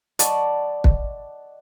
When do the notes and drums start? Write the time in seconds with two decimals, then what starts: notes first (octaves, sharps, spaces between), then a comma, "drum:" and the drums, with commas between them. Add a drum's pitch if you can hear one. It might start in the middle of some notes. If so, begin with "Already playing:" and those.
0.19 D5 D#5 F#5 A5 B5 C#6, drum: hi-hat
0.84 drum: kick